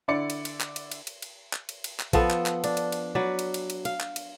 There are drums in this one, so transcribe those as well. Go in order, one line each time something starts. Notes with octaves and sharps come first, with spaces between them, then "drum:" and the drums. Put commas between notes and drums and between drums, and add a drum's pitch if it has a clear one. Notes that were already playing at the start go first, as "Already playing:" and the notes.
D3 E4 D5 C#7
drum: cymbal
drum: cymbal
drum: clap
drum: cymbal
drum: cymbal
drum: cymbal
drum: cymbal
drum: clap
drum: cymbal
drum: cymbal
drum: clap
F3 B3 A4, drum: kick A#1, cymbal
drum: clap
drum: clap
D4, drum: cymbal
drum: cymbal
drum: cymbal
F#3 B4 D5
drum: cymbal
drum: cymbal
drum: cymbal
F5, drum: cymbal
drum: clap
drum: cymbal